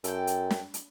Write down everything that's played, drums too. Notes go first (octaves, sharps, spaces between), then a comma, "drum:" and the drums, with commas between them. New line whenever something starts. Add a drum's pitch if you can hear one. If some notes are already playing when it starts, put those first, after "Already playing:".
F#2 A4 G5, drum: hi-hat
drum: hi-hat
drum: snare
drum: hi-hat